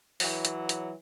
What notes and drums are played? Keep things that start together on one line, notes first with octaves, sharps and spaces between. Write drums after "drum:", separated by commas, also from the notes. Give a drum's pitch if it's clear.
E3 F#3, drum: open hi-hat
drum: hi-hat
drum: hi-hat